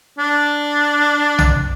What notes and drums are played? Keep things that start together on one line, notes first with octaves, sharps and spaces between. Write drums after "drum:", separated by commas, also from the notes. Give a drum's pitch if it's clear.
D4
drum: tom B1